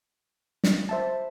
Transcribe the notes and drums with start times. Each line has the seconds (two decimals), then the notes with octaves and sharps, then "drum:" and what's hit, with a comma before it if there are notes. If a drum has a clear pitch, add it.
0.64 drum: snare
0.89 C5 E5 A5